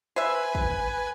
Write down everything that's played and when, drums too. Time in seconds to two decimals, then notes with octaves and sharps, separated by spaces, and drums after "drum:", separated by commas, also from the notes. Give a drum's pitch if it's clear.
0.16 B4 C5 E5 G#5
0.55 drum: kick